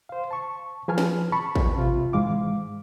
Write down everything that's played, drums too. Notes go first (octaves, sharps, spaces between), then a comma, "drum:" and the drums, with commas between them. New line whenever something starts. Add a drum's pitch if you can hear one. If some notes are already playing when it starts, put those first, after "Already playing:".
C5 F5
A5 C#6
F3 G#4 B4 G#5 A5 F6
drum: snare
A5 B5 C#6
drum: kick A1
C3 F4
G#2 E3 G#3 F5 D6